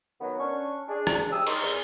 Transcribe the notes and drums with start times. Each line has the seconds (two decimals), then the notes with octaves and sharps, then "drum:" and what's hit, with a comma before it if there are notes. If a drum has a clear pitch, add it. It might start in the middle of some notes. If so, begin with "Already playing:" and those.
0.21 D#3 F#3 B3
0.39 C#4 D4 C#6
0.88 D4 G#4
1.07 drum: rim click
1.32 G#2 G4 D#6 E6
1.47 D#4 A#4 C6 C#6, drum: cymbal
1.62 E2